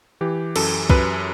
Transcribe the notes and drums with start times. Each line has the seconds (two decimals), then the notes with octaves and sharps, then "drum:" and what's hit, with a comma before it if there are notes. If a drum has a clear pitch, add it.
0.21 E3 G4
0.56 F#2 A4, drum: cymbal
0.90 F#2 B4, drum: kick